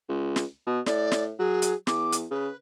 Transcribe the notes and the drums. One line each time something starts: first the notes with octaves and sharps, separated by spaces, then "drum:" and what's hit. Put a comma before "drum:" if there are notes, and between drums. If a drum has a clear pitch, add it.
C#2
drum: snare
B2
A2 D5, drum: snare
drum: snare
F#3 G#4
drum: hi-hat
E2 D6, drum: snare
drum: hi-hat
C#3 B4